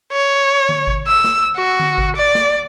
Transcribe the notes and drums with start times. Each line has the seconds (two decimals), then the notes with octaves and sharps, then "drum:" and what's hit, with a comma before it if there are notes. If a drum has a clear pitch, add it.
0.13 C#5
0.69 drum: tom D3
0.87 drum: kick G#1
1.08 E6
1.24 drum: snare
1.57 F#4
1.80 drum: tom D3
1.98 drum: kick G#1
2.16 D5
2.35 drum: snare